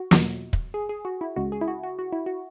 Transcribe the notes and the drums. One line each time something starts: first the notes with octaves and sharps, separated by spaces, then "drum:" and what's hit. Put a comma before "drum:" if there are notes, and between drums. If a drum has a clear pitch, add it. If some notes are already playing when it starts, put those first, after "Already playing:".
Already playing: F#4
E2 B2 F#3, drum: snare
drum: kick
G#4
G#4
F#4
E4
C#2 C#3 G#3 F#4
G#4
E4
F#4
F#4
F#4
E4
F#4